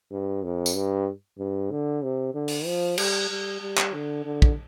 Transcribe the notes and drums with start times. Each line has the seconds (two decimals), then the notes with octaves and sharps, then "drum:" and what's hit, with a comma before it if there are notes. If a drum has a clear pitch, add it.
0.11 G2
0.43 F2
0.66 drum: tambourine
0.75 G2
1.39 G2
1.71 D3
2.02 C3
2.34 D3
2.48 drum: open hi-hat
2.66 F3
2.98 G3, drum: cymbal
3.30 G3
3.61 G3
3.78 drum: clap
3.93 D3
4.25 D3
4.42 drum: kick